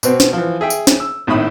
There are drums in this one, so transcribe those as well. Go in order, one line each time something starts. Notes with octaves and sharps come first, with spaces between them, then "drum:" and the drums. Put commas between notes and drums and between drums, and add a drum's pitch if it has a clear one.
B2 B3 C4, drum: tambourine
drum: snare
E3 F3
G#4 E5 G5
drum: tambourine
drum: snare
E6
A#1 A2 D#3 E4 B5 D#6